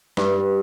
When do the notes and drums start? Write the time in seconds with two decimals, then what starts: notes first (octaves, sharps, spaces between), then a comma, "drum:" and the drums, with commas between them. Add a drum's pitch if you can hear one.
0.17 G2, drum: snare